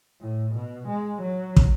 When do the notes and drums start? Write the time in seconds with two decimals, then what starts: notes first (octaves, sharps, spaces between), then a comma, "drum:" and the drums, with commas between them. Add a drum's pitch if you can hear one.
0.20 A2
0.55 B2
0.89 G#3
1.22 F#3
1.56 drum: kick